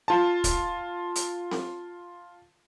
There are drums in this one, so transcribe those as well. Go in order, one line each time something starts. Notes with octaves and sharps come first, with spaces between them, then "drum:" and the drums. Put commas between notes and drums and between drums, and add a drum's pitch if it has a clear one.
F4 A5
drum: kick, hi-hat
drum: hi-hat
drum: snare C4